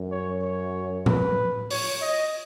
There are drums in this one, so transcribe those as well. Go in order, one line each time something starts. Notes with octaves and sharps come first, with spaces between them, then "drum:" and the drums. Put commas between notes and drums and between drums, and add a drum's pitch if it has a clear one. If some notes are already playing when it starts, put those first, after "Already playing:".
Already playing: F#2
C#5
C#5
B4, drum: tom A2
C#5, drum: open hi-hat
D#5